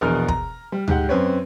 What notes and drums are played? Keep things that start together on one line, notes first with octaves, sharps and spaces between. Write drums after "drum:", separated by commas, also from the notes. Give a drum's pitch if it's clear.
A#1 E2 B2 A#4 F6
A#5, drum: kick
G3
G#2 G4 F#5, drum: tom D2
F#2 C4 B4 C#5